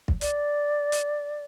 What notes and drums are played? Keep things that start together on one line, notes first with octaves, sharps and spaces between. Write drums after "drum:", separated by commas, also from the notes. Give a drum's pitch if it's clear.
drum: kick
D5, drum: hi-hat
drum: hi-hat